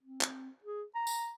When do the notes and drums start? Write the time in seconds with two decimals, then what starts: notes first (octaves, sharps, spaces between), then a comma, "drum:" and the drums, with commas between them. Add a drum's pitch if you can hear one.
0.03 C4
0.21 drum: clap
0.64 G#4
0.95 A#5
1.07 drum: tambourine